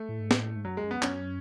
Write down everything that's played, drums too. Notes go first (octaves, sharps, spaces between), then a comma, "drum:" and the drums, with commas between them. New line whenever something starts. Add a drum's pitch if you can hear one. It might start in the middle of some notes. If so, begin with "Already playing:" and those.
Already playing: A3
A2
G#2
A2, drum: snare
G#2
F#2 F#3
G#3
F#2
B3
F#2 C#4, drum: clap